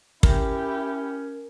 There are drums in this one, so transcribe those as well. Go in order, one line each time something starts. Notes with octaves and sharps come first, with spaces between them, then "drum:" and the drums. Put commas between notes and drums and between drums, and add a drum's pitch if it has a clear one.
C#4 E4 G4 A#4, drum: kick